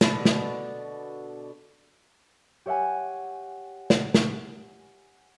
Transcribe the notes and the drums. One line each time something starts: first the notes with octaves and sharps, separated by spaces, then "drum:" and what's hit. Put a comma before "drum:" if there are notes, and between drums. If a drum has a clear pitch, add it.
B2 D3, drum: snare
drum: snare
G4 C#5 E5 F#5 G#5
drum: snare
drum: snare